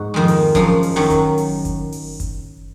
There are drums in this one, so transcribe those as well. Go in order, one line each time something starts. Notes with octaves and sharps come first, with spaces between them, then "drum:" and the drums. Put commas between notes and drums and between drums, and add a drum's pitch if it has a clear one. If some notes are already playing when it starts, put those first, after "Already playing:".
Already playing: G#2 F#4
F2 D#3 G#3
drum: open hi-hat
F#2 F3 G#3, drum: kick F#1, hi-hat
drum: open hi-hat
F#2 D#3 F#3
drum: kick F#1, hi-hat
drum: open hi-hat
drum: kick F#1, hi-hat
drum: open hi-hat
drum: kick F#1, hi-hat